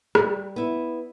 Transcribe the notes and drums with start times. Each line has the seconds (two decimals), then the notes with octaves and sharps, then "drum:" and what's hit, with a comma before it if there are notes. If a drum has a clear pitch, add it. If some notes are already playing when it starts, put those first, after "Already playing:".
0.15 G3, drum: rim click
0.56 B3 E4